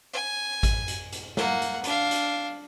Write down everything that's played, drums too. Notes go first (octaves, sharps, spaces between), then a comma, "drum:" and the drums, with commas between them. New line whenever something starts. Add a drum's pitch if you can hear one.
G#5
drum: kick G#1, hi-hat
drum: hi-hat
drum: hi-hat
A#3 F#5, drum: snare
drum: hi-hat
D4 F5, drum: hi-hat
drum: hi-hat